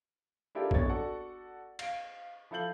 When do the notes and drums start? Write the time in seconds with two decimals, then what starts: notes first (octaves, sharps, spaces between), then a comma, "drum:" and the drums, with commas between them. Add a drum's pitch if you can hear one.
0.55 D4 E4 F4 G4 A4 A#4
0.71 D1 G1 F2 B3 C#5 A6, drum: kick A#1
0.89 F#4 A4 D5 F#5
1.79 F5 D7, drum: cymbal
2.51 F3 E4 A4 F5 G6 F#7